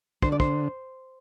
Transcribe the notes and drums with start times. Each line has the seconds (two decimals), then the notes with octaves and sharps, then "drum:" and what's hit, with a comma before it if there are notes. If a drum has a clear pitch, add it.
0.22 D3 C5, drum: kick
0.32 D5
0.40 C5, drum: kick